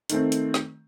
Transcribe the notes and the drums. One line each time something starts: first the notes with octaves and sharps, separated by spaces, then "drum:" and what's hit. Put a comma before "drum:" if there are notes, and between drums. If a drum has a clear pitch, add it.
D#3 A3 C4, drum: hi-hat
drum: hi-hat
drum: snare